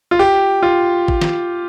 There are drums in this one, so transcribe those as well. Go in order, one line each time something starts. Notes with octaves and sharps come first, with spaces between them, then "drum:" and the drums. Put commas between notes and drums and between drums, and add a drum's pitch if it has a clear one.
F4
G4
F4
drum: kick
drum: snare